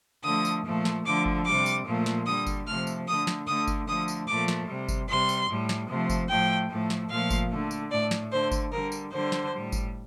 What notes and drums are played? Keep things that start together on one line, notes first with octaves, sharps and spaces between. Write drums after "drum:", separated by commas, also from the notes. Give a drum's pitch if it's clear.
D3 F3 A3 D#6
drum: tambourine
A#2 F3 A3
drum: snare
D3 F3 A3 D6
drum: kick G1
C3 G3 D6
drum: tambourine
A#2 F3 A3
drum: snare
D3 G3 D#6
drum: kick G1, tambourine
C3 F3 A3 F6
drum: tambourine
D3 A3 D#6
drum: snare
D3 A3 D#6
drum: kick G1, tambourine
D3 F3 A3 D#6
drum: tambourine
A#2 F3 A3 D6
drum: snare
C3 G3
drum: kick G1, tambourine
C3 G3 C6
drum: tambourine
A2 G3
drum: snare
C3 F3 A3
drum: kick G1, tambourine
A2 F3 A3 G5
A2 F3 A3
drum: snare
A#2 F3 A3 F5
drum: kick G1, tambourine
D3 A3
drum: tambourine
A2 A3 D5
drum: snare
D3 A3 C5
drum: kick G1, tambourine
D3 G3 A#4
drum: tambourine
D3 G3 C5
drum: snare
A2 G3
drum: kick G1, tambourine